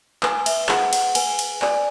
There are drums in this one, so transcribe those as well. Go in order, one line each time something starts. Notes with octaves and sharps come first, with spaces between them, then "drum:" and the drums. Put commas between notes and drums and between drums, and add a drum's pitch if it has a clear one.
B4 G#5, drum: clap
E5, drum: cymbal
G#4 F#5, drum: clap
F#5, drum: cymbal
B4 G#5, drum: cymbal
drum: cymbal
D5 G#5, drum: clap